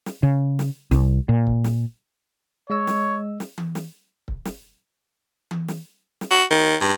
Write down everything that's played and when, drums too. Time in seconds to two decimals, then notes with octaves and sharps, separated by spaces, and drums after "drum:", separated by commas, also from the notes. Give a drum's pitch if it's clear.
0.06 drum: snare
0.23 C#3
0.59 drum: snare
0.91 C2, drum: snare
1.29 A#2
1.47 drum: kick C#1
1.64 drum: snare
2.70 G#3 C#5 D#5 E6
2.87 drum: snare
3.40 drum: snare
3.58 drum: tom E3
3.75 drum: snare
4.28 drum: kick C#1
4.45 drum: snare
5.51 drum: tom E3
5.68 drum: snare
6.21 drum: snare
6.31 F#4
6.50 D#3
6.81 G2